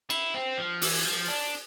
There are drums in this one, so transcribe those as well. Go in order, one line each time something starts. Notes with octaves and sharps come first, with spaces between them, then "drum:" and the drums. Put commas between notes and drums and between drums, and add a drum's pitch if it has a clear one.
E4, drum: cymbal
C4
F3
E3, drum: open hi-hat
F3
D4